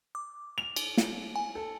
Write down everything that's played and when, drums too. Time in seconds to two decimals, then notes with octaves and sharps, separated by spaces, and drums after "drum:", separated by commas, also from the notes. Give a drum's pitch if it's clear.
0.15 D6
0.58 F7
0.76 drum: cymbal
0.97 drum: snare
1.36 G#5
1.55 A4